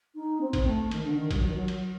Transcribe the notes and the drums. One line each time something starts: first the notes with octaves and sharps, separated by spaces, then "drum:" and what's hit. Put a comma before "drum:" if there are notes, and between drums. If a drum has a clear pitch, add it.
D#4
C4
drum: kick A#1, cymbal
A3
D#3, drum: cymbal
D3
D#3
G3, drum: kick A#1, cymbal
F#3
D#3
F#3
F#3, drum: cymbal